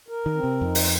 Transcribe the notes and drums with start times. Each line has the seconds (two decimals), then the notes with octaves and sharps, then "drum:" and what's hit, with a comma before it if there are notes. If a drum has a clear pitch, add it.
0.08 A#4
0.26 D#3
0.35 C4
0.43 C3
0.61 F2 D#4
0.75 drum: open hi-hat